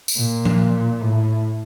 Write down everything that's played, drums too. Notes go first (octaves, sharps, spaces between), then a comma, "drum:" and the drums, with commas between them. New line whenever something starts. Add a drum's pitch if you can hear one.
drum: tambourine
A#2
drum: tom F3
A2